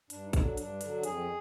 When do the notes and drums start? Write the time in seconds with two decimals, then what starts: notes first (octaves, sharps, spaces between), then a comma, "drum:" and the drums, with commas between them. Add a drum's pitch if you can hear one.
0.10 G2 D4, drum: hi-hat
0.25 D#4
0.33 D3 F#3 D4, drum: kick A1, hi-hat
0.57 G2 D4, drum: hi-hat
0.81 D3 F#3, drum: hi-hat
1.03 F2 G#4, drum: hi-hat